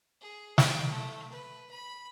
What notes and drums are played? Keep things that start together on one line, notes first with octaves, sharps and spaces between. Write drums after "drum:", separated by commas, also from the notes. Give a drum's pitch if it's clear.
G#4
G5, drum: snare
A3
B4
B5